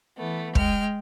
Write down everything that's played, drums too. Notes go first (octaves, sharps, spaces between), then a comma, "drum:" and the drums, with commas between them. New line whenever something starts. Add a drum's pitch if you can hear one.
E3 A3 B3
G#3 G5 F6, drum: kick